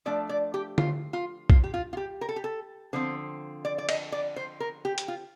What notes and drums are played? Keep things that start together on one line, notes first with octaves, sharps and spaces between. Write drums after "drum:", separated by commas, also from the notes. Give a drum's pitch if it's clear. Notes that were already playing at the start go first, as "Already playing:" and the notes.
F3 A3 D4 D5
D5
G4
F4, drum: tom D3
F4
F4, drum: kick B1
G4
F4
F4
G4
A#4
A4
G4
A4
D3 F3 C4 C5
D5
D5
D#5, drum: cymbal
D5
C5
A#4
G4
drum: hi-hat
F4